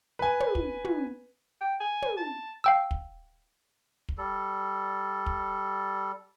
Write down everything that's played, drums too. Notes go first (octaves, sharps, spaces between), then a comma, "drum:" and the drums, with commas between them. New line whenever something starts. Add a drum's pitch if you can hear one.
B4 G#5
drum: tom
drum: kick
drum: tom
G5
G#5
drum: tom
A5
F5 G5 E6
drum: kick
drum: kick
G3 A4
drum: kick